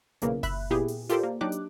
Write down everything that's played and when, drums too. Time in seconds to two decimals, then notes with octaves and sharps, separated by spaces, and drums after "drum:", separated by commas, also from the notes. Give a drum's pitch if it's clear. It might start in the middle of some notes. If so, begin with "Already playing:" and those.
0.22 B1 A#2 C#3 E3 A#3, drum: hi-hat
0.43 E5 B5 F#6, drum: kick F#1, open hi-hat
0.70 A#2 B3 E4 G4 G#4
0.88 drum: open hi-hat
1.09 F4 G4 A4 A#4 C5 D5, drum: hi-hat
1.24 A#3
1.41 F#3 D4 D#4 G4 D6 F#6
1.52 drum: hi-hat